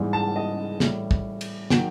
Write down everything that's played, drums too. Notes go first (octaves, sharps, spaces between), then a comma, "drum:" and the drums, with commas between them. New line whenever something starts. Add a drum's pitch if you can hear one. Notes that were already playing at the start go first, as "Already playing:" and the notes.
Already playing: G#2 E3 G3
A5
D#5
A2 E3 G3, drum: snare
drum: kick
drum: cymbal
D#3 F#3 G5, drum: snare